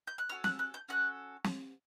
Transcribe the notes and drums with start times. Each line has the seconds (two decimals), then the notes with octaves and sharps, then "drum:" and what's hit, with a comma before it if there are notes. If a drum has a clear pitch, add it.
0.07 G6
0.18 F#6
0.29 C#4 F#4 A4 F6
0.44 F#6, drum: snare
0.59 F#6
0.74 G6
0.89 C#4 F#4 A4 F#6
1.44 drum: snare